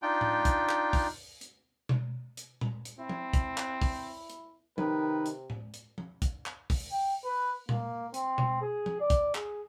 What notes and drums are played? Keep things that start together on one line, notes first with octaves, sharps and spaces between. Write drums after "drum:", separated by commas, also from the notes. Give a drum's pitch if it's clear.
D4 D#4 F4 G5
drum: tom A2
drum: kick, hi-hat
drum: clap
drum: kick, open hi-hat
drum: hi-hat
drum: tom B2
drum: hi-hat
drum: tom A#2
drum: hi-hat
C4 E4
drum: tom F3
drum: kick, hi-hat
drum: clap
drum: kick, open hi-hat
drum: hi-hat
C3 D#3 B4, drum: tom F3
drum: hi-hat
drum: tom A2
drum: hi-hat
drum: tom F3
drum: kick, hi-hat
drum: clap
drum: kick, open hi-hat
G5
B4
A#3, drum: tom A#2
C4, drum: hi-hat
drum: tom B2
G#4
drum: tom F3
D5
drum: kick, hi-hat
G#4, drum: clap